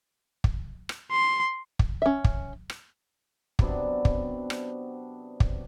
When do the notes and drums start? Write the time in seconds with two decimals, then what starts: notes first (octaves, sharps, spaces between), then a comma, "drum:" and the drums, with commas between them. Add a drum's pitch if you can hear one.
0.44 drum: kick
0.89 drum: rim click
1.12 C6
1.79 drum: kick
2.02 C#4 E5
2.24 drum: kick
2.70 drum: rim click
3.59 C3 F#3 B3 D4, drum: kick
4.05 drum: kick
4.50 drum: rim click
5.40 drum: kick